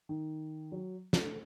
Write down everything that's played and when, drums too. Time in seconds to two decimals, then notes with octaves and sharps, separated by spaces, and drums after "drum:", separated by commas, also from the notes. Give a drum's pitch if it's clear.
0.09 D#3
0.72 F#3
1.13 A3, drum: snare